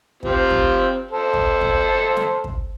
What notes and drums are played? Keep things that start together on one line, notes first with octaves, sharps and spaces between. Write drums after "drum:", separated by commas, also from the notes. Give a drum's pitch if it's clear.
C4 F4 G4, drum: kick
drum: kick
A4 C5
drum: kick
drum: kick
drum: snare
drum: kick